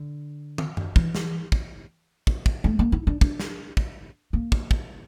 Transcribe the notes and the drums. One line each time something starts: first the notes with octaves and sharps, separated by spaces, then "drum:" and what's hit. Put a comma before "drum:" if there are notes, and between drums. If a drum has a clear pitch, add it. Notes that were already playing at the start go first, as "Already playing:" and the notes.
Already playing: D3
drum: tom
drum: tom F#2
E3, drum: kick
drum: snare
drum: kick
drum: kick
drum: kick
A3
A#3
E4
D4
D4, drum: kick
drum: snare
drum: kick
A#3
drum: kick
drum: kick